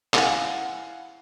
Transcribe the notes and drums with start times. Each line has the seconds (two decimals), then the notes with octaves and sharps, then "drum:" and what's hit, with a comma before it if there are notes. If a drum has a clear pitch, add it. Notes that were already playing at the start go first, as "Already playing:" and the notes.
0.14 E4 F5 F#5 G#5, drum: clap